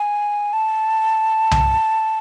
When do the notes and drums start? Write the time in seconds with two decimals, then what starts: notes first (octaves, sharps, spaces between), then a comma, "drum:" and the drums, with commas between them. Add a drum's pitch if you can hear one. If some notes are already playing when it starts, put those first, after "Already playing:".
Already playing: G#5
0.53 A5
1.51 drum: tom C2